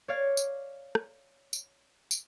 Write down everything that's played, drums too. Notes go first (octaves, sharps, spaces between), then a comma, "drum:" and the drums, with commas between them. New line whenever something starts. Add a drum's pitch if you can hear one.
C#5 D5 F5 F6 G#6
drum: tambourine
drum: rim click
drum: tambourine
drum: tambourine